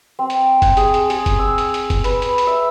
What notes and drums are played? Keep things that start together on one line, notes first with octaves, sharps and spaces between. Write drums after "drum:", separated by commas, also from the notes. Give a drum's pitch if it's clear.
C4
drum: hi-hat
drum: kick, hi-hat
G#4, drum: hi-hat
drum: hi-hat
G#4, drum: hi-hat
drum: kick, hi-hat
E6
drum: hi-hat
drum: hi-hat
drum: kick, hi-hat
B4, drum: hi-hat
drum: hi-hat
drum: hi-hat
E5